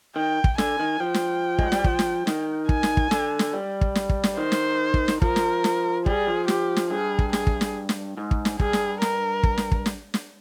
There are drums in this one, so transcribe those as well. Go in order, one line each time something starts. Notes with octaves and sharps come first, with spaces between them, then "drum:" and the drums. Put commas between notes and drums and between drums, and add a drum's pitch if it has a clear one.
D#3 G5
drum: kick
D3 G#5, drum: snare
D#3
F3 G5
drum: snare
G#3, drum: kick
G3, drum: snare
F3, drum: kick
drum: snare
D#3, drum: snare
G#5, drum: kick
drum: snare
drum: kick
D3, drum: snare
drum: snare
G3
drum: kick
drum: snare
drum: kick
drum: snare
D#3 C5
drum: snare
drum: kick
drum: snare
F3 A#4, drum: kick
drum: snare
drum: snare
G3 G#4, drum: kick
F3
G4, drum: snare
drum: snare
G2 G#4
drum: kick
G#4, drum: snare
drum: kick
drum: snare
drum: snare
G#2
drum: kick
drum: snare
G2 G#4, drum: kick
drum: snare
A#4, drum: snare
drum: kick
drum: snare
drum: kick
drum: snare
drum: snare